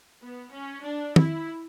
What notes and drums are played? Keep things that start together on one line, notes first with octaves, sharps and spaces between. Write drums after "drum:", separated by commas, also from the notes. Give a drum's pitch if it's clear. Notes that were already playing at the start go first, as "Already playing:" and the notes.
B3
C#4
D4
E4, drum: tom